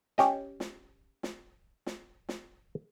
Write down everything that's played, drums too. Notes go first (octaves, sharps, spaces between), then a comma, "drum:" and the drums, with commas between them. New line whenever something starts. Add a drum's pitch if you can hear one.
C#4 G4 D#5, drum: snare
drum: snare
drum: snare
drum: snare
drum: snare